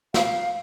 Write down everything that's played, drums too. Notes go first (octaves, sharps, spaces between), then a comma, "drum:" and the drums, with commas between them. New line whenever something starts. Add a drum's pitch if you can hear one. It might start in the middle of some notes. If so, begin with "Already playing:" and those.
F5, drum: snare